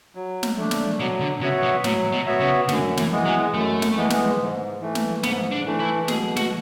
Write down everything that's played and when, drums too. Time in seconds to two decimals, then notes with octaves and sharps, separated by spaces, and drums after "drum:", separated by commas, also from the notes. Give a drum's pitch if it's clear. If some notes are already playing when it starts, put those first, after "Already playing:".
0.15 F#3
0.43 drum: snare
0.57 A3 D4
0.71 drum: snare
0.99 B2 F#3
1.20 D3
1.41 C#3 B3 F#4 C#5 E5
1.63 B2
1.84 A2 F#3, drum: snare
2.12 B2
2.26 B3 F#4 C#5 E5
2.41 C#3
2.69 F#2 D3, drum: snare
2.97 E3, drum: snare
3.11 E3 G#3 B3
3.25 F#3
3.54 F#2 A3
3.82 drum: snare
3.96 E3 G#3 B3
4.10 drum: snare
4.38 G#2
4.81 E3 A3
4.95 drum: snare
5.23 G#2 B3, drum: snare
5.51 D4
5.66 E3 A3
5.80 E4
6.08 B2 G#4, drum: snare
6.36 F#4, drum: snare